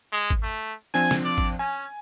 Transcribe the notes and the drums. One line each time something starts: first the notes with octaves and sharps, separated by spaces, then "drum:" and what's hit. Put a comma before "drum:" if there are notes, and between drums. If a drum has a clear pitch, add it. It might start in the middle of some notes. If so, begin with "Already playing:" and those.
G#3
drum: kick G#1
A3
F3 C4 D4 G#5
drum: snare
D5
drum: kick G#1
C#4 G#5